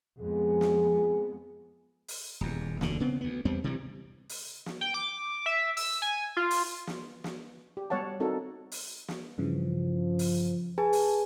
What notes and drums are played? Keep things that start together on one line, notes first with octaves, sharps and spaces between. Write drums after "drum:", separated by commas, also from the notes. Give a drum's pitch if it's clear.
F2 G#3 B3 G#4
drum: snare
drum: open hi-hat
D#1 E2
F1 D#2 D3, drum: snare
C#3 B3 C4
D2 B3
E2 G3 B3 C4
C3 E3 G3
drum: open hi-hat
drum: snare
G5
D6
E5
E6, drum: open hi-hat
G#5
F4
drum: open hi-hat
drum: snare
drum: snare
G4
G3 B3 C#5 F#5 A5
C4 D#4 F#4 A4 A#4
drum: open hi-hat
drum: snare
G2 C#3 E3 F3
drum: open hi-hat
G#4 B4 G#5 A5
drum: open hi-hat